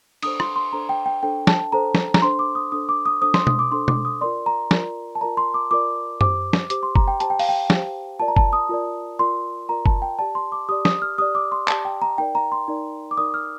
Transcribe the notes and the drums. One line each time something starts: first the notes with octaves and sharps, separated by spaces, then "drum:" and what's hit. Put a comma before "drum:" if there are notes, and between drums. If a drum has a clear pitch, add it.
D4 A4 C5 D#6, drum: cymbal
C6, drum: rim click
C6
D4 A4 C5 A#5
G5
G5
D4 A4 C5 G5
A5, drum: snare
D4 A4 C5 A#5
drum: snare
A#5, drum: snare
D4 A4 C5 C6
D6
D#6
D4 A4 C5 D#6
D6
D#6
D4 A4 C5 D#6
C6, drum: snare
D#6, drum: tom B2
D6
D4 A4 C5 C6
D6, drum: tom B2
D#6
F4 A#4 D5 C6
A#5
F4 A#4 D5, drum: snare
A5
F4 A#4 D5 A#5
C6
D6
F4 A#4 D5 D6
G4 C5 D6, drum: tom F#2
drum: snare
G4 C5 D6, drum: hi-hat
C6
A#5, drum: kick F#1
G5
G4 C5 A5, drum: hi-hat
G5
F5, drum: open hi-hat
G5
G4 C5, drum: snare
F4 A#4 D5 A5
A#5
A5, drum: kick F#1
D#6
F4 A#4 D5
F4 A#4 D5 C6
F4 A#4 D5 A#5
A5, drum: kick F#1
G5
G4 D5 A5
C6
D6
G4 D5 D#6
D#6, drum: snare
F6
G4 D5 D#6
D6
C6
G4 D5 A5, drum: clap
G5
A#5
D#4 A#4 D5 G5
A#5
C6
D#4 A#4 D5
D6
D#4 A#4 D5 D#6
F6